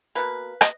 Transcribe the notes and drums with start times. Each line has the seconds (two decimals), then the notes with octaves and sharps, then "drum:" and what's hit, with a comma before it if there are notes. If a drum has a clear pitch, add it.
0.15 B2 A#3 B4
0.61 D#5, drum: rim click